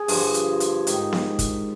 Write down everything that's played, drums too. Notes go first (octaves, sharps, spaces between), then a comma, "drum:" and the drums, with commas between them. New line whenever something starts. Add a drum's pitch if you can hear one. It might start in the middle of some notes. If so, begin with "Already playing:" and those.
Already playing: G#4
G2 D3 F3, drum: open hi-hat
drum: hi-hat
drum: hi-hat
G#2 D#3, drum: hi-hat
drum: snare B3
drum: kick, hi-hat